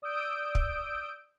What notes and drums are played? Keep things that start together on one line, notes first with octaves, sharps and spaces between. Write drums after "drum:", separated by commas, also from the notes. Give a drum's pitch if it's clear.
D5 D#6 E6 G6 D7
drum: kick